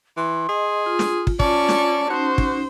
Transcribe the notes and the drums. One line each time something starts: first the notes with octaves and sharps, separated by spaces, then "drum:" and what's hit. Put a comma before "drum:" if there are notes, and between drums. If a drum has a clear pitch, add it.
E3 C6
G#4 D#5
F4
drum: snare
drum: kick
C#4 F4 D5 A5 C#6, drum: kick
drum: snare
C#4 D#4 F#4 C5
drum: kick